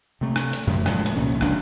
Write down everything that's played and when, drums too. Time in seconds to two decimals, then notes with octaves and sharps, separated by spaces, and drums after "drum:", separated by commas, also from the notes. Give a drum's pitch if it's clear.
0.21 C3 A3
0.36 drum: rim click
0.53 drum: hi-hat
0.67 F#2 A2 C#3 F3
0.86 A2 F3 G#3, drum: rim click
1.06 drum: hi-hat
1.16 C2 A#2 C#4
1.41 F1 C#2 D4, drum: rim click